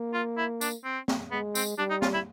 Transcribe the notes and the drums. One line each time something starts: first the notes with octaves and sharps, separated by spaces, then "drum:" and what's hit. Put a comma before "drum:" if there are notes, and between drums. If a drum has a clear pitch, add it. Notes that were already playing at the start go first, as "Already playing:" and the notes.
Already playing: A#3
F4
E4
D4, drum: tambourine
C4
drum: snare
G#3 B3
C4, drum: tambourine
G3 D4
D#4
F4, drum: snare
E4